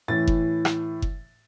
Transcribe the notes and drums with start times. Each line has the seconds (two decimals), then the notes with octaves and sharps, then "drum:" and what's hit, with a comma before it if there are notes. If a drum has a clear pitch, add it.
0.08 A2 E3 A6
0.27 drum: kick F#1
0.65 drum: rim click
1.02 drum: kick F#1